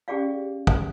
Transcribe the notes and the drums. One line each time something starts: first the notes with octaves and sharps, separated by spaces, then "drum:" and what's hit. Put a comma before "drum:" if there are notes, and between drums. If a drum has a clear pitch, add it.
C#4 G4 G#4 D5 F5
drum: kick